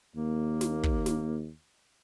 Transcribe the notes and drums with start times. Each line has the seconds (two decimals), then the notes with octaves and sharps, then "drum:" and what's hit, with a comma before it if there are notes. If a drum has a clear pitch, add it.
0.16 D#2 A#3
0.61 drum: snare
0.83 drum: kick
1.06 drum: snare